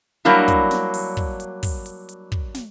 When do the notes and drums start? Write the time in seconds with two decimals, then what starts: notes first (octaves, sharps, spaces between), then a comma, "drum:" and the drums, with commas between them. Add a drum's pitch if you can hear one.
0.25 F#3 G3 A#3 D4 E4
0.48 drum: kick, hi-hat
0.71 drum: snare
0.94 drum: open hi-hat
1.17 drum: kick
1.40 drum: hi-hat
1.63 drum: kick, open hi-hat
1.86 drum: hi-hat
2.09 drum: hi-hat
2.32 drum: kick
2.55 drum: snare